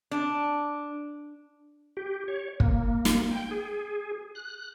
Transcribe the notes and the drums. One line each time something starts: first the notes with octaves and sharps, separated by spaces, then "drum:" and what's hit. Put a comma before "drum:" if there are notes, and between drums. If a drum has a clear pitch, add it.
D4
G4
C#5
A#3, drum: kick
drum: snare
G5
G#4
F#6